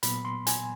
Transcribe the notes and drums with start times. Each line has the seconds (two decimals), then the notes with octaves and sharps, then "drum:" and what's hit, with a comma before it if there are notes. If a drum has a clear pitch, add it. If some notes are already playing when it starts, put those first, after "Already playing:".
0.03 A#2 F#3 B3 B5, drum: hi-hat
0.25 C6
0.47 G#5, drum: hi-hat